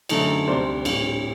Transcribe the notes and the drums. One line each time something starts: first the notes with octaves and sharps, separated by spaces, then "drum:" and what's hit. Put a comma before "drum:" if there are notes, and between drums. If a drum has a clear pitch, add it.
F#2 D3 A3 D#4, drum: cymbal
D2 C3 G3 D4 C5
A#1 A2 G3 C4, drum: cymbal